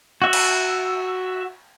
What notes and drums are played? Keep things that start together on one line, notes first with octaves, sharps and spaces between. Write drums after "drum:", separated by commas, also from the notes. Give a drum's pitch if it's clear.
F#4 E5
drum: cymbal